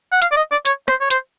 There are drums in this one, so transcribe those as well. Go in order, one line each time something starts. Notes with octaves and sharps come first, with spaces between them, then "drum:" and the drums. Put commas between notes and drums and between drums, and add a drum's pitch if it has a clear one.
F#5
F5, drum: hi-hat
D5
D#5
D5
C#5, drum: hi-hat
C5, drum: rim click
C#5
C5, drum: hi-hat